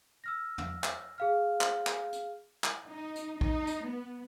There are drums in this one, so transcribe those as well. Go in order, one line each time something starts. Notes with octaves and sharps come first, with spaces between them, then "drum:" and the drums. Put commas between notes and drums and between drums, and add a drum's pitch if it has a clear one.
E6 F6 A#6
drum: tom
drum: clap
G#4 F5 F6
drum: clap
drum: clap
drum: hi-hat
drum: clap
D#4
drum: hi-hat
D#4, drum: kick
drum: hi-hat
B3